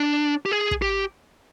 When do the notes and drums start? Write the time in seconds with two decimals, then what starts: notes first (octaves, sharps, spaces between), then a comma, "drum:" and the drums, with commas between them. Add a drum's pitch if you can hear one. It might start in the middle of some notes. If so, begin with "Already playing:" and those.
Already playing: D4
0.46 G4
0.51 G#4
0.71 drum: kick
0.82 G4